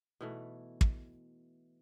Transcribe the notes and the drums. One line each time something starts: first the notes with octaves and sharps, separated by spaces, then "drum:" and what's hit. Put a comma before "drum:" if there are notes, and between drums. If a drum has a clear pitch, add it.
B2 E3 A3
drum: kick